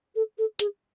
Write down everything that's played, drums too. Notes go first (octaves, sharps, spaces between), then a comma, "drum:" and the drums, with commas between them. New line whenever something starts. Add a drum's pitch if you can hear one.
A4
A4
G#4, drum: hi-hat